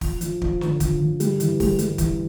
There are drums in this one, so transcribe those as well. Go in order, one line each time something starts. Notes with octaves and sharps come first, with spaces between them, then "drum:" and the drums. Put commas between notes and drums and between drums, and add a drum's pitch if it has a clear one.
F3, drum: kick, open hi-hat
F3, drum: hi-hat
F3, drum: kick
D3, drum: snare
F3, drum: kick, hi-hat
D3
G3, drum: hi-hat
E3, drum: hi-hat
G3, drum: kick, open hi-hat
G3, drum: hi-hat
E3, drum: kick, hi-hat